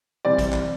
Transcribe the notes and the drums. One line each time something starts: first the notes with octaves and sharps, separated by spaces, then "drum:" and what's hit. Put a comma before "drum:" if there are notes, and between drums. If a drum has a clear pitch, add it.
C3 E3 G3 C4 D5
drum: kick A#1, hi-hat
drum: clap